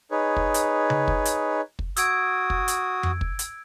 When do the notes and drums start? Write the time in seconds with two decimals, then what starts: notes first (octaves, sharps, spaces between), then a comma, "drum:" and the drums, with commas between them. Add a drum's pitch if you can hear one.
0.11 D#4 G#4 B4 C#5
0.36 drum: kick
0.54 drum: hi-hat
0.90 drum: tom C#3
1.08 drum: kick
1.25 drum: hi-hat
1.79 drum: kick
1.97 F#4 D#6 E6 G#6 D7, drum: hi-hat
2.50 drum: kick
2.68 drum: hi-hat
3.03 drum: tom F2
3.21 drum: kick
3.39 drum: hi-hat